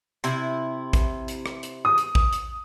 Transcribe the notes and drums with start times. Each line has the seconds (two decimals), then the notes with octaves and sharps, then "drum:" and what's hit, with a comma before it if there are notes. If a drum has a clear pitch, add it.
0.24 C3 E4, drum: hi-hat
0.93 drum: kick A1, hi-hat
1.28 drum: hi-hat
1.46 drum: rim click
1.63 drum: hi-hat
1.85 D#6
1.98 drum: hi-hat
2.15 drum: kick A1
2.33 drum: hi-hat